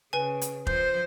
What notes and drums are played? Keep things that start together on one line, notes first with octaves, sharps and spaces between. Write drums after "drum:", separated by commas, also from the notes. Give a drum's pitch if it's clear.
C#3 B4 G#5
drum: hi-hat
F3 C5 G6, drum: kick F1